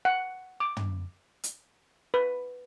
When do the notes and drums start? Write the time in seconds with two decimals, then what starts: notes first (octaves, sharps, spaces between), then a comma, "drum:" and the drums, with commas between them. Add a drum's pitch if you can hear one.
0.05 F#5
0.60 D6
0.77 drum: tom
1.44 drum: hi-hat
2.14 B4